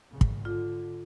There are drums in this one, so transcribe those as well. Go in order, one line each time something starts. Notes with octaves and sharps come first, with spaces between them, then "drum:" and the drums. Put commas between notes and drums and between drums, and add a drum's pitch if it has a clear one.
G#1 C#3
drum: kick
D3 F4